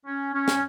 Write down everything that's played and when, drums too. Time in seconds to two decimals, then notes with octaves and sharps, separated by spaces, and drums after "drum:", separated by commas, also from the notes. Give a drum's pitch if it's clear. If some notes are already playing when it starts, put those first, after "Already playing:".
0.06 C#4
0.34 C#4
0.48 drum: snare